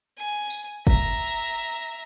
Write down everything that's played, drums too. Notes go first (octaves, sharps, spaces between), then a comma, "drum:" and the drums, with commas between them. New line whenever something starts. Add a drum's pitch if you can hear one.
G#5
drum: tambourine
E5 A#5, drum: kick